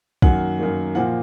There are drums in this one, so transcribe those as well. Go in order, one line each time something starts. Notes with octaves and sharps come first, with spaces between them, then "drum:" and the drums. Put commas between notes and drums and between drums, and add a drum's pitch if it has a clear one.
F#2 D#3 A#3 F#5, drum: kick
F#2 D#3 A#3
A#2 F3 A#3 F#5